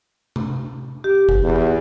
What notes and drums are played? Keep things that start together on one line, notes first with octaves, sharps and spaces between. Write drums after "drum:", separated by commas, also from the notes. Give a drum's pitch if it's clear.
drum: tom C3
G4
drum: kick F#1
E2